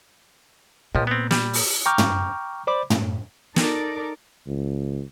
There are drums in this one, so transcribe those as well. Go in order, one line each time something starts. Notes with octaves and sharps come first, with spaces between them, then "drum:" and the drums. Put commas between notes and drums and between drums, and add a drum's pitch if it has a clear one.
C#2 A#2 F3
B3 C4
G3, drum: snare
drum: open hi-hat
G5 A#5 C#6 D6 F6 G6
drum: tom
C5 D5 B5 D6
A2, drum: tom
D#4 A4 A#4 D5 D6, drum: snare
C#2